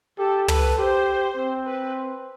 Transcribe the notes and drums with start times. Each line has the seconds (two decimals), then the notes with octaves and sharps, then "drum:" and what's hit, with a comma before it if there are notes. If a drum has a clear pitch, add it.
0.18 G4 A4
0.48 A4 B4, drum: tom
0.78 G4 C5
1.37 C4
1.66 B4